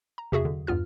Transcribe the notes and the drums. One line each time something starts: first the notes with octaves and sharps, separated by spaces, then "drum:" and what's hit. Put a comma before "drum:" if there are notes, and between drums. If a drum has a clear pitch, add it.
A#5
C3 F#4 G#4 E5, drum: tom E2
D3
E2 G2 B3 F4 F6